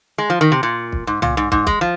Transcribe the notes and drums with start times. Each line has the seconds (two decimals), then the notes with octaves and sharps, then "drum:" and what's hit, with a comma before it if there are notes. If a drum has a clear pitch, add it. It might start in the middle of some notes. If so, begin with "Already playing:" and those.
0.18 G#3
0.30 F3
0.41 D#3
0.52 C3
0.63 A#2
0.93 drum: kick
1.07 G#2
1.22 A#2, drum: tom
1.37 G#2
1.52 G#2, drum: kick
1.67 G#3, drum: kick
1.81 F3